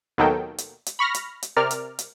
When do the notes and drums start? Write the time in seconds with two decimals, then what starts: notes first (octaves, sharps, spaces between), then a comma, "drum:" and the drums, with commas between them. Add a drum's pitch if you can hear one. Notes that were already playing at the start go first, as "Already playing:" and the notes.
0.18 D#2 B2 D#3 F#3 A4 G5
0.58 drum: hi-hat
0.86 drum: hi-hat
0.99 B5 C#6 F6 A#6
1.14 drum: hi-hat
1.43 drum: hi-hat
1.57 C3 A#4 D5 F6
1.71 drum: hi-hat
1.99 drum: hi-hat